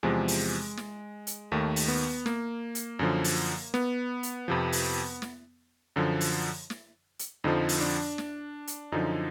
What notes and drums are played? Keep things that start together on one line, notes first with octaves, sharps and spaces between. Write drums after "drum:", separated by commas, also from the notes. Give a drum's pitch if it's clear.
E2 C3 F3 G#3
drum: open hi-hat
drum: snare
drum: hi-hat
D#2 D#3 A3
drum: open hi-hat
B3
A#3, drum: snare
drum: hi-hat
F#2 D3 F3
drum: open hi-hat
B3, drum: snare
drum: hi-hat
F2 C3 F3
drum: open hi-hat
drum: snare
F#2 D3 F3
drum: open hi-hat
drum: snare
drum: hi-hat
F2 D3 F3 D#4
drum: open hi-hat
D4
drum: snare
drum: hi-hat
F#2 D3 F3 D#4